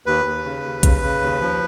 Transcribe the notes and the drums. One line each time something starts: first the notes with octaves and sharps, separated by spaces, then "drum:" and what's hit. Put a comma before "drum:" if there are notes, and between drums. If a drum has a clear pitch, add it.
D#2 B4
D#2
C#3
D#2
C#3, drum: kick A#1, hi-hat
C#3
D#2
F3